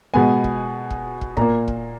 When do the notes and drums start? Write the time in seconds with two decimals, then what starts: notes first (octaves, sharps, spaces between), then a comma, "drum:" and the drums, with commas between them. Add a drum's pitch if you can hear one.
0.14 B2 G#3 B3 G#5
0.44 drum: kick
0.90 drum: kick
1.21 drum: kick
1.37 A#2 A#3 A#5, drum: kick
1.68 drum: kick